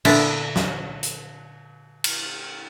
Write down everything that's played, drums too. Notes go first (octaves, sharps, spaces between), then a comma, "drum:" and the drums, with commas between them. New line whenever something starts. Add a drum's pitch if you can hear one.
A#2 D3 B3 D4 E4, drum: cymbal
drum: snare
drum: hi-hat
drum: cymbal